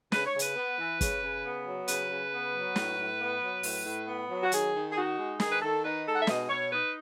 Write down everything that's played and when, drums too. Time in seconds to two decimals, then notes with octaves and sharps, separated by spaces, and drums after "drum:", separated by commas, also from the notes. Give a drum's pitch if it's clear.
0.12 C#3 B4, drum: snare
0.25 C#5
0.34 C#3
0.39 B4, drum: hi-hat
0.56 B3
0.78 E3
1.01 C#3, drum: kick, hi-hat
1.22 C#3
1.44 B3
1.65 F#3
1.88 C#3 B4, drum: hi-hat
2.10 C#3
2.32 B3
2.54 F#3
2.76 A2, drum: snare
2.98 A2
3.20 B3
3.42 F#3
3.63 A2, drum: open hi-hat
3.85 A2
4.07 B3
4.29 F#3
4.43 F#4
4.52 D#3 G#4, drum: hi-hat
4.74 D#3
4.92 G#4
4.95 D#4 F#4
5.17 G#3
5.40 D#3 G#4, drum: snare
5.50 B4
5.62 D#3 A4
5.83 D#4 B4
6.06 G#3 A4
6.13 F#5
6.20 E5
6.27 B2 D#5, drum: snare
6.49 B2 C#5
6.71 D#4 B4